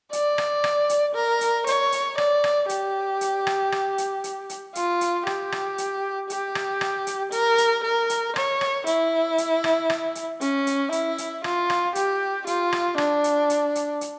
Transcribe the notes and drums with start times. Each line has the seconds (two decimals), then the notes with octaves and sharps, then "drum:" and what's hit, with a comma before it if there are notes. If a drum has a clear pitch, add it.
0.13 D5, drum: hi-hat
0.38 drum: rim click
0.64 drum: rim click
0.89 drum: hi-hat
1.15 A#4
1.41 drum: hi-hat
1.67 C#5, drum: hi-hat
1.92 drum: hi-hat
2.18 D5, drum: rim click
2.44 drum: rim click
2.69 G4, drum: hi-hat
3.21 drum: hi-hat
3.47 drum: rim click
3.72 drum: rim click
3.98 drum: hi-hat
4.24 drum: hi-hat
4.50 drum: hi-hat
4.75 F4, drum: hi-hat
5.01 drum: hi-hat
5.27 G4, drum: rim click
5.52 drum: rim click
5.78 drum: hi-hat
6.30 G4, drum: hi-hat
6.55 drum: rim click
6.81 drum: rim click
7.07 drum: hi-hat
7.32 A#4, drum: hi-hat
7.58 drum: hi-hat
7.84 A#4
8.10 drum: hi-hat
8.36 C#5, drum: rim click
8.61 drum: rim click
8.86 E4, drum: hi-hat
9.38 drum: hi-hat
9.64 drum: rim click
9.90 drum: rim click
10.15 drum: hi-hat
10.41 C#4, drum: hi-hat
10.67 drum: hi-hat
10.92 E4, drum: hi-hat
11.18 drum: hi-hat
11.44 F4, drum: rim click
11.70 drum: rim click
11.95 G4, drum: hi-hat
12.47 F4, drum: hi-hat
12.73 drum: rim click
12.98 D4, drum: rim click
13.24 drum: hi-hat
13.50 drum: hi-hat
13.75 drum: hi-hat
14.01 drum: hi-hat